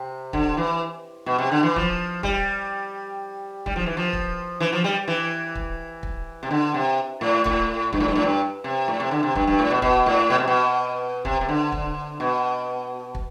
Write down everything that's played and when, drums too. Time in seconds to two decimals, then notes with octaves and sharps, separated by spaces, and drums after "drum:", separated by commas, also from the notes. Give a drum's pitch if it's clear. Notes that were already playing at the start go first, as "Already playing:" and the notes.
Already playing: C3
0.33 D3, drum: kick
0.57 E3
1.26 B2
1.38 C3
1.51 D3
1.63 E3
1.76 F3, drum: kick
2.23 G3, drum: kick
3.66 G3, drum: kick
3.76 F3
3.86 E3
3.97 F3
4.13 drum: kick
4.60 E3
4.73 F3
4.84 G3
5.08 E3
5.55 drum: kick
6.03 drum: kick
6.43 C3
6.51 D3
6.74 C3
7.21 A2
7.46 A2, drum: kick
7.93 G2, drum: kick
8.00 A2
8.08 G2
8.15 A2
8.23 G2
8.64 C3
8.88 A2
9.00 C3
9.11 D3
9.23 C3
9.35 G2, drum: kick
9.47 G2
9.59 A2
9.70 B2
9.82 B2, drum: kick
10.06 A2
10.30 B2
10.38 C3
10.47 B2
11.25 C3, drum: kick
11.41 C3
11.49 D3
11.72 drum: kick
12.20 B2
13.15 drum: kick